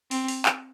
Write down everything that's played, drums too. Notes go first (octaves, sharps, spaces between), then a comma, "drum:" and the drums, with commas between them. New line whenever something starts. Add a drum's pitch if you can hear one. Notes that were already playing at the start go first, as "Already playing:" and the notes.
C4, drum: open hi-hat
drum: open hi-hat
drum: clap